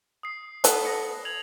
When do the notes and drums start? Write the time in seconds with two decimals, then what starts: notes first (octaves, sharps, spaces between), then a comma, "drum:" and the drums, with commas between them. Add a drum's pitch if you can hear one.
0.23 D#6 C7
0.64 B3 A4 F#5, drum: hi-hat
0.85 D#6 A#6 C#7
1.25 G#6 F7 F#7